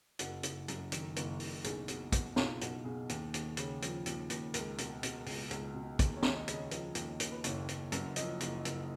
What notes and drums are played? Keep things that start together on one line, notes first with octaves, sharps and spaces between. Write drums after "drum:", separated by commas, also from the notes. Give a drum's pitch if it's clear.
F#1 F#4, drum: hi-hat
F#1, drum: hi-hat
F#2, drum: hi-hat
D#3, drum: hi-hat
F#1, drum: hi-hat
F#1, drum: open hi-hat
B1 G#4, drum: hi-hat
B2, drum: hi-hat
B2, drum: kick, hi-hat
B1 F4, drum: snare
B1 F#4, drum: hi-hat
B2 G#4
D#2, drum: hi-hat
D#2, drum: hi-hat
C#3, drum: hi-hat
F3, drum: hi-hat
D#2, drum: hi-hat
D#2, drum: hi-hat
C#2 A#4, drum: hi-hat
B2, drum: hi-hat
B2, drum: hi-hat
C#2, drum: open hi-hat
C#2, drum: hi-hat
B2
D#2, drum: kick, hi-hat
C#5
D#2, drum: snare
D#5
C#3, drum: hi-hat
D#5
F3 D#5, drum: hi-hat
D#2, drum: hi-hat
D#2, drum: hi-hat
B4
F#1 C#5, drum: hi-hat
F#1, drum: hi-hat
F#2, drum: hi-hat
F3 D#5, drum: hi-hat
F#1, drum: hi-hat
F#1, drum: hi-hat